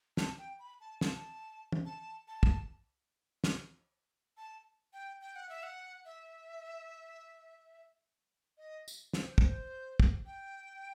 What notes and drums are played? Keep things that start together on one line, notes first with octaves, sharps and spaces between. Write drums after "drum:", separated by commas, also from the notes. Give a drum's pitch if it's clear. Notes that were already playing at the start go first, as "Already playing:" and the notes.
A5, drum: snare
G5
B5
A5
A5, drum: snare
drum: tom
A5
A5
drum: kick
drum: snare
A5
G5
G5
F#5
E5
F#5
E5
D#5
drum: tambourine
C5, drum: snare
D#5, drum: kick
C5
drum: kick
G5